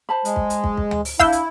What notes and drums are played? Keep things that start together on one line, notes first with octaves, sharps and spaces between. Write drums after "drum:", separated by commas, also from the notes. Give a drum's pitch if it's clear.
C5 A5 B5
G#3, drum: hi-hat
drum: kick
drum: hi-hat
drum: kick
drum: kick
drum: tom D2
drum: open hi-hat
D4 E4 E5 F5 E6 G6, drum: kick
drum: hi-hat